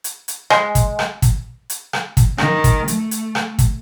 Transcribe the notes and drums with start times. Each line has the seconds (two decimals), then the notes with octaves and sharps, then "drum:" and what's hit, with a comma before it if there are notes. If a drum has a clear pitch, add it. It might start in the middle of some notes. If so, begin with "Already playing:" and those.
0.04 drum: hi-hat
0.28 drum: hi-hat
0.50 G#3, drum: rim click
0.75 drum: kick, hi-hat
0.99 drum: rim click
1.22 drum: kick, hi-hat
1.70 drum: hi-hat
1.93 drum: rim click
2.17 drum: kick, hi-hat
2.38 D#3, drum: rim click
2.64 drum: kick, hi-hat
2.88 A3, drum: hi-hat
3.11 drum: hi-hat
3.35 drum: rim click
3.59 drum: kick, hi-hat